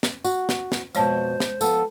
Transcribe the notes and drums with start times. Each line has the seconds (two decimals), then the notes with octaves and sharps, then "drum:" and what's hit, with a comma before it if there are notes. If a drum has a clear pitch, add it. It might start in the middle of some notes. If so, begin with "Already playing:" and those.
0.03 drum: snare
0.25 F#4, drum: tambourine
0.49 drum: snare
0.72 drum: snare
0.95 F2 B2 G#3 C5 C#5 A5, drum: tambourine
1.40 drum: snare
1.61 F3 B3 A4, drum: tambourine